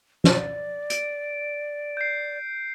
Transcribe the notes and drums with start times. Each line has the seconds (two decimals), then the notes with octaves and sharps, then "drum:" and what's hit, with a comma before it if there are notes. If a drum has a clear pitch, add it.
0.24 D5, drum: snare
0.90 D7, drum: hi-hat
1.97 G6 C7